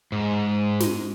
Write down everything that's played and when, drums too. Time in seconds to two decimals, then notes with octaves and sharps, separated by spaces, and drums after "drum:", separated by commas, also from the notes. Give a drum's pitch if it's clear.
0.12 G#2
0.80 drum: snare